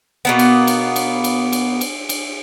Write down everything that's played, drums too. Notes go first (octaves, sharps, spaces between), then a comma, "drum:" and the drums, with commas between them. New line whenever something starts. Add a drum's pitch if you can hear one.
B2 A#3 B3
drum: cymbal
drum: cymbal
drum: cymbal
drum: cymbal
drum: cymbal
drum: cymbal
drum: cymbal